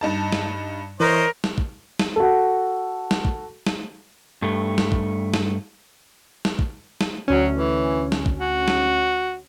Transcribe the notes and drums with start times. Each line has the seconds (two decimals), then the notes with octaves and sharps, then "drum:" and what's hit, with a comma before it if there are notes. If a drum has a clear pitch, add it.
0.01 G2 D#4 A5
0.32 drum: snare
1.00 E3 A#4 C5 C#5 D#5
1.44 drum: snare
1.58 drum: kick
1.99 drum: snare
2.16 F#4 A4
3.11 drum: snare
3.25 drum: kick
3.67 drum: snare
4.42 G2 A3
4.78 drum: snare
4.92 drum: kick
5.34 drum: snare
6.45 drum: snare
6.59 drum: kick
7.01 drum: snare
7.28 D2 F#3 C#4
7.54 E3
8.12 drum: snare
8.26 drum: kick
8.40 F#4
8.68 drum: snare